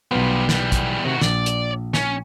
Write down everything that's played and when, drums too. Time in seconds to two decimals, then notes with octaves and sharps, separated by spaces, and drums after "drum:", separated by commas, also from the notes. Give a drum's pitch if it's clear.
0.11 B1 G3 B3 F4
0.49 E2 G3, drum: snare
0.72 drum: kick, hi-hat
1.05 C3 D#3 F#4
1.21 A#1 D5, drum: snare
1.46 drum: hi-hat
1.94 C#4, drum: snare